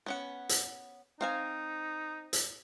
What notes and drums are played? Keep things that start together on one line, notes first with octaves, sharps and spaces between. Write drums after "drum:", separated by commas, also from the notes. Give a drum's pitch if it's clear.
B3 C#4 F#5
drum: hi-hat
C4 D#4 F5 G#5
drum: hi-hat